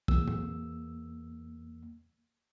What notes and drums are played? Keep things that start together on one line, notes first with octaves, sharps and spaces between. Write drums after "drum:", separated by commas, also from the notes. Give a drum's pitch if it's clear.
E2 A#3 E6, drum: kick
drum: tom A2